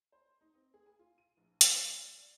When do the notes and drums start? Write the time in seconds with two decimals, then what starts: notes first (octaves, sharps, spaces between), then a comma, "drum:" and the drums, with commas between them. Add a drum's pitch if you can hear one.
0.12 C5
0.41 D#4
0.54 C4
0.74 G#4
0.86 G#5
0.99 F4
1.18 D#7
1.37 A#1
1.61 G#3, drum: hi-hat
1.89 D5
2.18 D5